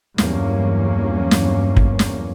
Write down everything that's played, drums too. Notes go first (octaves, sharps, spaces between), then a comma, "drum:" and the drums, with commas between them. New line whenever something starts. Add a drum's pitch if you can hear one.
E2 G2 F#3 A#3 C#4, drum: snare
drum: snare
drum: kick
drum: snare